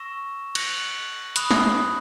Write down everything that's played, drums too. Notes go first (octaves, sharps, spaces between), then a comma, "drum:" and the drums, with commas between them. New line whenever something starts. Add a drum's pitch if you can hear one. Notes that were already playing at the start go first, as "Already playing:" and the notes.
Already playing: C#6 E6 A#6 E7
F#6 A#6 C#7 F#7, drum: cymbal
B5 D#6 F#6, drum: hi-hat
drum: snare